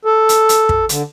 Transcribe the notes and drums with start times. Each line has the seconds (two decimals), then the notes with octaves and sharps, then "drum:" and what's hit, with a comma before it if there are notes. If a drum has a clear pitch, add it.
0.05 A4
0.29 drum: hi-hat
0.49 drum: hi-hat
0.69 drum: kick
0.89 D3, drum: hi-hat